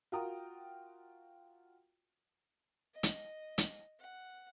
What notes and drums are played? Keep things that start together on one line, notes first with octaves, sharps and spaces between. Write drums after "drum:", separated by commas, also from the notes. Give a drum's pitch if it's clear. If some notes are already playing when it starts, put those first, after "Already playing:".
F4 F#4 A#4 G5 A#5 D#6
D#5
drum: hi-hat
drum: hi-hat
F#5